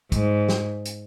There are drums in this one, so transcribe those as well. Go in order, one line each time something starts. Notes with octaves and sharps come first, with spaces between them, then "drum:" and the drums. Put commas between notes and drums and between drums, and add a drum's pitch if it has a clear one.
G#2, drum: kick, hi-hat
drum: snare
drum: hi-hat